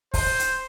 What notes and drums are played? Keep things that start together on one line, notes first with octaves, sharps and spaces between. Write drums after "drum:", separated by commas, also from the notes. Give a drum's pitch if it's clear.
C5, drum: kick, open hi-hat
drum: hi-hat